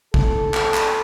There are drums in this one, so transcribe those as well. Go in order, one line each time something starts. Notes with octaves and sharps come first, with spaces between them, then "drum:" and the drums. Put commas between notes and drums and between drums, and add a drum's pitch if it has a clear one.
A4, drum: kick
drum: clap
drum: clap